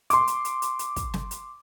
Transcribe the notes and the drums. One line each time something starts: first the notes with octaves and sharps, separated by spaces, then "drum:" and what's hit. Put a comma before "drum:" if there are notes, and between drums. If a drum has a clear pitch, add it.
C6 D6, drum: hi-hat
drum: hi-hat
drum: hi-hat
drum: hi-hat
drum: hi-hat
drum: kick, hi-hat
drum: snare
drum: hi-hat